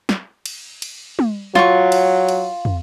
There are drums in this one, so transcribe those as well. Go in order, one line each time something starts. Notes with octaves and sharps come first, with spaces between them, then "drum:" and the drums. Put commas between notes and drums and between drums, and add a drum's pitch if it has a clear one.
drum: snare
drum: cymbal
drum: cymbal
drum: tom
F#3 F4 C#6, drum: snare
drum: cymbal
drum: cymbal
drum: tom